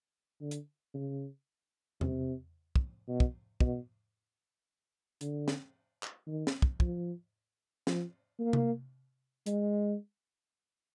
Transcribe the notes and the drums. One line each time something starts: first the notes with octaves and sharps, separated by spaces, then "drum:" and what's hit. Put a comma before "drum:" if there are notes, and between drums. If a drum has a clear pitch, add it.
D3
drum: hi-hat
C#3
C3, drum: tom E2
drum: kick
B2
drum: kick
B2, drum: kick
D3, drum: hi-hat
drum: snare
drum: clap
D#3
drum: snare
drum: kick
F3, drum: kick
F3, drum: snare
A#3
drum: tom C3
G#3, drum: hi-hat